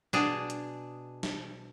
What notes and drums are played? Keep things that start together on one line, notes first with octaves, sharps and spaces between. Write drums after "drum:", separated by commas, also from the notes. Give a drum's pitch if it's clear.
B2 D4 G#4, drum: snare
drum: hi-hat
drum: snare